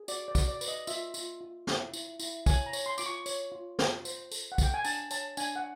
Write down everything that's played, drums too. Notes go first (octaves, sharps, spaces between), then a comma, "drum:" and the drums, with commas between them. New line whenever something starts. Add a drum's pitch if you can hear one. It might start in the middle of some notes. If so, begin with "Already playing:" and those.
Already playing: G#4
F#4 D5, drum: tambourine
D5
F#4, drum: kick, tambourine
D5
B4, drum: tambourine
D#5
F4 E5, drum: tambourine
F4, drum: tambourine
F4
E4, drum: snare
E4, drum: tambourine
E4, drum: tambourine
C#5 G#5, drum: kick, tambourine
A#5
C#5, drum: tambourine
C6
F4 D6, drum: tambourine
C#6
C#5, drum: tambourine
F4
F4, drum: snare
C5, drum: tambourine
A4, drum: tambourine
F#5
A4 G5, drum: kick, tambourine
G#5
D4 A5, drum: tambourine
C#5 A5, drum: tambourine
D4 G#5, drum: tambourine
F#5